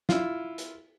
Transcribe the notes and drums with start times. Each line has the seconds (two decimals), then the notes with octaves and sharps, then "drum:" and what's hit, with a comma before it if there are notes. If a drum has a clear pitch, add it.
0.09 E4 F4, drum: snare
0.58 drum: hi-hat